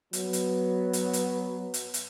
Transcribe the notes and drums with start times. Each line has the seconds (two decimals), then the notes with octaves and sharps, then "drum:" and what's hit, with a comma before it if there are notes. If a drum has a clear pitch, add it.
0.13 F#3 B3, drum: hi-hat
0.33 drum: hi-hat
0.93 drum: hi-hat
1.13 drum: hi-hat
1.74 drum: hi-hat
1.94 drum: hi-hat